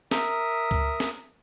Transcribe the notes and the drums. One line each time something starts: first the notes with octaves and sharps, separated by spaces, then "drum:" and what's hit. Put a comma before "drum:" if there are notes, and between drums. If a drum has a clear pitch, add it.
A#4 E5 D#6, drum: snare
drum: kick C#2
drum: snare